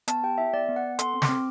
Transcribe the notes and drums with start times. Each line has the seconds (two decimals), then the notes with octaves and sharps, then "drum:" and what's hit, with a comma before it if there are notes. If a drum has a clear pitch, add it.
0.08 B3 A5, drum: hi-hat
0.23 G4 G5
0.38 E4 E5
0.53 B3 D5
0.69 B3
0.76 F#5
0.84 B3
0.99 A4 C6, drum: hi-hat
1.14 C4
1.22 D6, drum: snare
1.29 C4